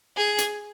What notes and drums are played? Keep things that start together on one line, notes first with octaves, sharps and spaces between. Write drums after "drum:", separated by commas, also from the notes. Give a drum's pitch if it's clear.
G#4
drum: hi-hat